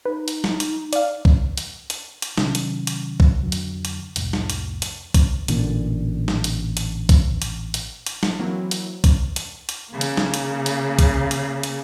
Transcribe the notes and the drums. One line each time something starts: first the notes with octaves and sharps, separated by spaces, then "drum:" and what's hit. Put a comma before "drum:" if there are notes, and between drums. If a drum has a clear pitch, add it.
D#4 B4
drum: hi-hat
drum: snare
drum: hi-hat
D5 F5, drum: hi-hat
drum: kick
drum: hi-hat
drum: hi-hat
drum: hi-hat
C3 D#3 F#3 C#4, drum: snare
drum: hi-hat
drum: hi-hat
drum: kick
F2 D3 F#3
drum: hi-hat
drum: hi-hat
C2 F2 A2, drum: hi-hat
drum: snare
drum: hi-hat
drum: hi-hat
drum: kick, hi-hat
A1 A#2 D3, drum: hi-hat
drum: snare
drum: hi-hat
drum: hi-hat
drum: kick, hi-hat
drum: hi-hat
drum: hi-hat
drum: hi-hat
drum: snare
E3 F#3 A#3 C4 E4
drum: hi-hat
drum: kick, hi-hat
drum: hi-hat
drum: hi-hat
C#3 A#3
drum: hi-hat
drum: snare
drum: hi-hat
drum: hi-hat
drum: kick, hi-hat
drum: hi-hat
drum: hi-hat